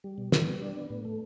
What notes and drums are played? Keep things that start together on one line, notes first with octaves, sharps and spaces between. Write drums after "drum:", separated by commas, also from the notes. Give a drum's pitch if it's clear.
G3
B2
B3, drum: snare
G3
D4
B3
A2
A3